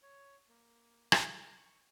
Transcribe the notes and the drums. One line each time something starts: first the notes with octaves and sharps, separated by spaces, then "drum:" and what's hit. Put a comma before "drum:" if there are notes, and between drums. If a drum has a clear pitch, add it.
C#5
A#3
drum: rim click
G#4
C#6